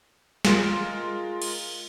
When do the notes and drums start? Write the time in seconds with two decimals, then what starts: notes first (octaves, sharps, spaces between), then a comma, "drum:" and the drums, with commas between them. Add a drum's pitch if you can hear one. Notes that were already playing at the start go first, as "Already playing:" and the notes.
0.45 G#3 F4 A#4, drum: snare
1.42 drum: cymbal